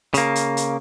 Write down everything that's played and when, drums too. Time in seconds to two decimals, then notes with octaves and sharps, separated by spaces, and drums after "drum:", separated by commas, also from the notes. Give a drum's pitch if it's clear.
0.14 C#3 A#3, drum: hi-hat
0.36 drum: hi-hat
0.57 drum: hi-hat